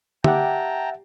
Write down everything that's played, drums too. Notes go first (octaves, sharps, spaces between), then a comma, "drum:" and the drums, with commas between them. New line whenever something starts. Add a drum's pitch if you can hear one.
G4 E5 F#5 G5 A5 A#5, drum: tom